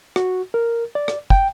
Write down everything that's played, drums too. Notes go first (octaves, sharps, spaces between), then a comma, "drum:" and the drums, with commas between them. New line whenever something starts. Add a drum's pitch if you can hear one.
F#4, drum: rim click
A#4
D5
drum: rim click
G5, drum: kick